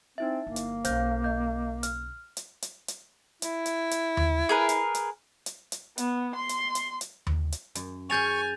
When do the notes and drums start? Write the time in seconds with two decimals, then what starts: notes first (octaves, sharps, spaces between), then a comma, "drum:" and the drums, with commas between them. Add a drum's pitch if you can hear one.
0.18 C4 D#4 E4 E5
0.47 G1 A#3
0.56 drum: hi-hat
0.85 B1 C#3 C5 F5 G6, drum: hi-hat
1.24 D#5 G6
1.83 F6, drum: hi-hat
2.37 drum: hi-hat
2.62 drum: hi-hat
2.88 drum: hi-hat
3.42 E4, drum: hi-hat
3.66 drum: hi-hat
3.91 drum: hi-hat
4.17 drum: tom D#2
4.49 G#4 A#4 B4
4.69 drum: hi-hat
4.95 drum: hi-hat
5.46 drum: hi-hat
5.72 drum: hi-hat
5.98 B3, drum: hi-hat
6.36 C6
6.49 drum: hi-hat
6.75 drum: hi-hat
7.01 drum: hi-hat
7.27 drum: tom D#2
7.52 drum: hi-hat
7.75 F#2, drum: hi-hat
8.10 C#4 G#4 A#4 G#5 C#6 G6 A6 F7